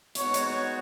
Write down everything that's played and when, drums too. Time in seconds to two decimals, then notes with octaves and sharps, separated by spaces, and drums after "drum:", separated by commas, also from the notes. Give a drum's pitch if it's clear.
0.15 G#3 B3 D#4 F#4 C#5, drum: hi-hat
0.34 drum: hi-hat
0.44 C#5